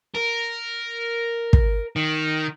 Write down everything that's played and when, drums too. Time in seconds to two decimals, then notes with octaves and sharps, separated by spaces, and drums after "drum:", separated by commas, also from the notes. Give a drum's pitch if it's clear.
0.15 A#4
1.53 drum: kick
1.96 D#3